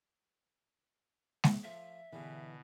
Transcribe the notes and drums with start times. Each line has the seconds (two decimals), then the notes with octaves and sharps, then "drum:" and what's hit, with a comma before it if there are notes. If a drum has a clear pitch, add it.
1.44 drum: snare G#3
1.63 F3 A3 F4 E5
2.13 E2 G2 B2 D3 E3